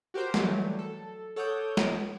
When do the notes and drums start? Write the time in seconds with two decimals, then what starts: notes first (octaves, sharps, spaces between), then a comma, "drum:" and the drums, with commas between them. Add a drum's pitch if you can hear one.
0.14 F#4 G4 A#4 C5 G5
0.34 E3 F#3 G3 A3, drum: snare
0.79 A4
1.36 A4 C#5 F#5 D6 D#6 G6
1.77 drum: snare